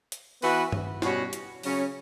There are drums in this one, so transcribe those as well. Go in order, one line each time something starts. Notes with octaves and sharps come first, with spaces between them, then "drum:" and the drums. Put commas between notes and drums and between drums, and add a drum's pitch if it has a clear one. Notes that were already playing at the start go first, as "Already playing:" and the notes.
drum: hi-hat
E3 B3 F#4 B4, drum: open hi-hat
drum: tom
B2 G3 C#4 F#4, drum: snare
drum: hi-hat
C#3 F#3 C#4, drum: open hi-hat